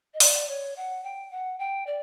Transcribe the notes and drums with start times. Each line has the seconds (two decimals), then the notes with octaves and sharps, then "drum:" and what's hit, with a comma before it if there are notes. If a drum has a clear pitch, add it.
0.13 D#5
0.20 D5, drum: open hi-hat
0.48 C#5
0.76 F#5
1.03 G5
1.31 F#5
1.58 G5
1.86 D5